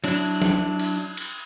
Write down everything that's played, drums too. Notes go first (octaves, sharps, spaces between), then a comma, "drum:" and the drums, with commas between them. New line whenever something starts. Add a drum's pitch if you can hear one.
F#3 D4 E4, drum: cymbal
drum: snare
drum: cymbal
drum: cymbal